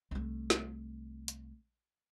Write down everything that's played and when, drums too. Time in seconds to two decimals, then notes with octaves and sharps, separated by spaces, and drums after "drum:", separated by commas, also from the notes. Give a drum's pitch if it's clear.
0.11 C2 A3
0.50 drum: snare
1.28 drum: hi-hat